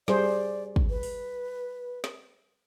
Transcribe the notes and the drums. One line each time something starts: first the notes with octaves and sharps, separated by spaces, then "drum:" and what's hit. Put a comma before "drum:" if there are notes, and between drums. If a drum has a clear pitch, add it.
G3 G#4 C5 D5, drum: snare
drum: kick
B4
drum: open hi-hat
drum: snare